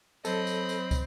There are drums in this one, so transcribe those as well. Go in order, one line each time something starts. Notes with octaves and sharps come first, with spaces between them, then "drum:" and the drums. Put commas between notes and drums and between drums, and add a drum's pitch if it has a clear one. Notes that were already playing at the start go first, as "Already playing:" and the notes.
F#3 C4 A4 D#5 B5, drum: tambourine
drum: tambourine
drum: tambourine
drum: kick, tambourine